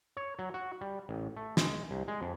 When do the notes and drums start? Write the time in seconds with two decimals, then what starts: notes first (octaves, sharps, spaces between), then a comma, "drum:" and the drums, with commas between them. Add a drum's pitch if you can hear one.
0.17 C#5
0.39 F#3
0.54 F#4
0.81 G3
1.09 A1
1.37 A3
1.57 G#3, drum: snare
1.91 C2
2.08 G#3
2.22 F2